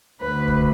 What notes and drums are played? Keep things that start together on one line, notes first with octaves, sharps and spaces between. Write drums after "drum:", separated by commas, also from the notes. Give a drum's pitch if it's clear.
D2 D3 B4
drum: kick C2